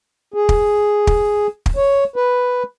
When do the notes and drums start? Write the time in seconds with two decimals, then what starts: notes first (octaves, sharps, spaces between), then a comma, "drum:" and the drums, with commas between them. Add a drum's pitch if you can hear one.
0.34 G#4
0.49 drum: kick
1.07 drum: kick
1.66 drum: kick
1.76 C#5
2.16 B4